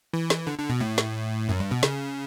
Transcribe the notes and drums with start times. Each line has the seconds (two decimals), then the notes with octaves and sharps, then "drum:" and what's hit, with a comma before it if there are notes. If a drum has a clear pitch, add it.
0.13 E3
0.30 drum: snare
0.47 D3
0.58 D3
0.70 B2
0.81 A2
0.98 drum: snare
1.49 F#2
1.60 G2
1.71 B2
1.83 C#3, drum: snare